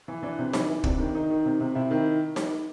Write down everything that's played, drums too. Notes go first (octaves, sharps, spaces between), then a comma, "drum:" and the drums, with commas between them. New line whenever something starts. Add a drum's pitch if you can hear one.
E3
E3 D4
C3
E3, drum: snare D#4
E3
C3 D4, drum: kick
D#3
D#3 D#4
D#3
C3
C3
C3 E4
D#3
drum: snare D#4